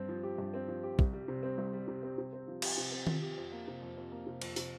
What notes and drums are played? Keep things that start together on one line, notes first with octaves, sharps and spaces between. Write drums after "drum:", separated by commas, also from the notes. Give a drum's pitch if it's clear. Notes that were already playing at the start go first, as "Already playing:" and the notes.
Already playing: G2 C4
F3
G4
G2
C4
F3
G4
C2, drum: kick
G3
C3
C4
C2
G3
C3
C4
C3
C4
F3
G4, drum: cymbal
C3
C4
F3, drum: tom D#3
G4
F2
A#3
C3
F2
F2
A#3
C3
F2, drum: cymbal
C3, drum: open hi-hat